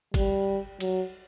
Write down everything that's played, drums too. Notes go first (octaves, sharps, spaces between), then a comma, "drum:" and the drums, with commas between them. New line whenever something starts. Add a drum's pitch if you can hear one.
G3, drum: kick, cymbal
F#3, drum: cymbal